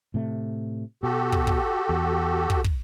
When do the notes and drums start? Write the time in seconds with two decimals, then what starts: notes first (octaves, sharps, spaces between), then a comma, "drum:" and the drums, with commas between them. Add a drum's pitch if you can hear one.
0.14 A2 C3 A3
1.03 B2 F#4 G4 A4
1.32 drum: kick
1.47 drum: kick
1.89 E2
2.50 drum: kick
2.64 drum: kick